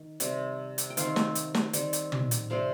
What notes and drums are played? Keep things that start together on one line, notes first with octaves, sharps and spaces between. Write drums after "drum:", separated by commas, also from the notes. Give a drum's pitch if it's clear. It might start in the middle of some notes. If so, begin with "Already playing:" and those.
Already playing: D#3
C3 G3 C4, drum: hi-hat
drum: hi-hat
G5
D#3 C4 C5 F5, drum: hi-hat
drum: snare
drum: hi-hat
drum: snare
D#3 G3 C4, drum: hi-hat
drum: hi-hat
drum: tom
drum: hi-hat
C3 G3 C4 C5 F5